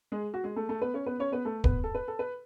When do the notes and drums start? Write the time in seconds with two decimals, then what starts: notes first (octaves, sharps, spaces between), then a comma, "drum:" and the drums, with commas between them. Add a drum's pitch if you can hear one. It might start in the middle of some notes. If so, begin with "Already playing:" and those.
0.12 G#3 G#4
0.34 F#4
0.44 G#3 G#4
0.56 A3 A4
0.69 A3 A4
0.82 B3 B4
0.94 C#4 C#5
1.06 B3 B4
1.20 C#4 C#5
1.32 B3 B4
1.45 A3 A4
1.64 B3 B4, drum: kick
1.84 A4
1.95 B4
2.08 A4
2.19 B4